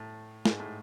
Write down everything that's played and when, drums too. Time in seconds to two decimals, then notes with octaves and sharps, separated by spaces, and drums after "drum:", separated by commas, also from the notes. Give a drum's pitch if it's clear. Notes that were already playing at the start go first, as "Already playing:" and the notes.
Already playing: A2
0.45 G#2, drum: snare
0.60 A2